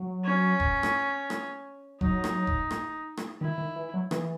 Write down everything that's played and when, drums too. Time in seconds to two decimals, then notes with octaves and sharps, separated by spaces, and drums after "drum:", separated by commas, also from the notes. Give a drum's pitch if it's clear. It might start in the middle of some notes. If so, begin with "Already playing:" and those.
Already playing: F#3
0.24 C#4
0.60 drum: kick F1
0.83 drum: rim click
1.30 drum: rim click
2.01 F#3 D#4, drum: kick F1
2.24 drum: rim click
2.47 drum: kick F1
2.71 drum: rim click
3.17 drum: rim click
3.41 D#3 E4
3.58 D#3
3.76 E3
3.94 F#3
4.11 E3, drum: rim click